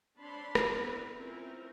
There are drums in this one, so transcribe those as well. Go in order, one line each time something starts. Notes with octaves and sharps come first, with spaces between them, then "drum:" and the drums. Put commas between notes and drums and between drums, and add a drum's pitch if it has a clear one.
C4 D4 C#5 A5 B5 C6
drum: rim click
B3 C4 D4 E4 A#4 B4
C4 C#4 E4 F4 A#4